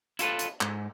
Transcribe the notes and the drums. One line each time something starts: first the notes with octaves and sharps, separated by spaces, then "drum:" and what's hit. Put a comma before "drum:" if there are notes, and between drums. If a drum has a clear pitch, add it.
E4 F4 A4 B4, drum: hi-hat
drum: hi-hat
G#2, drum: clap